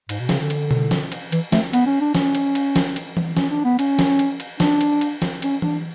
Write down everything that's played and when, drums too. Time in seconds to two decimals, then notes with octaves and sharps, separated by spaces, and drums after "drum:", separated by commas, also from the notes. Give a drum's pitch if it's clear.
0.09 G#2, drum: cymbal
0.20 B2
0.29 C#3, drum: snare
0.40 D3
0.50 drum: cymbal
0.71 drum: tom B2
0.91 drum: snare
1.12 drum: cymbal
1.32 E3, drum: cymbal
1.52 A3, drum: snare
1.73 B3, drum: cymbal
1.86 C#4
2.01 D4
2.15 C#4, drum: snare
2.35 drum: cymbal
2.55 drum: cymbal
2.76 drum: snare
2.96 drum: cymbal
3.17 drum: tom E3
3.37 C#4, drum: snare
3.50 D4
3.65 B3
3.79 C#4, drum: cymbal
3.99 drum: snare
4.19 drum: cymbal
4.40 drum: cymbal
4.60 D4, drum: snare
4.81 drum: cymbal
5.01 drum: cymbal
5.22 drum: snare
5.42 C#4, drum: cymbal
5.62 D4, drum: tom E3